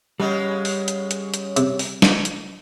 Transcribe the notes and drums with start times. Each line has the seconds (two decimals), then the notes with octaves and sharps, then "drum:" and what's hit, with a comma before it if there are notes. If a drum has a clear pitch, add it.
0.20 C#3 G3 G#3 B3
0.65 drum: open hi-hat
0.88 drum: hi-hat
1.11 drum: hi-hat
1.34 drum: hi-hat
1.56 C3, drum: hi-hat
1.79 drum: open hi-hat
2.02 drum: snare
2.25 drum: hi-hat